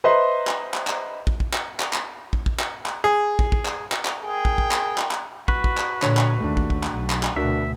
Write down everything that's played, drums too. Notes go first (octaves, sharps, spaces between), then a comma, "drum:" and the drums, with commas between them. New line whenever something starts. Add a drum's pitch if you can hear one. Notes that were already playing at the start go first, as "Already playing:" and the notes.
B4 C5 D#5 E5 A#5 C6
drum: clap
drum: clap
drum: clap
drum: kick
drum: kick
drum: clap
drum: clap
drum: clap
drum: kick
drum: kick
drum: clap
drum: clap
G#4
drum: kick
drum: kick
drum: clap
drum: clap
drum: clap
G#4 A#4 G5
drum: kick
drum: kick
drum: clap
drum: clap
drum: clap
F#4 B4, drum: kick
drum: kick
drum: clap
A#2 D3 C#5, drum: clap
drum: clap
D#2 A3 D4
drum: kick
drum: kick
drum: clap
B1
drum: clap
drum: clap
D2 B2 D4 F#4 A#4 E5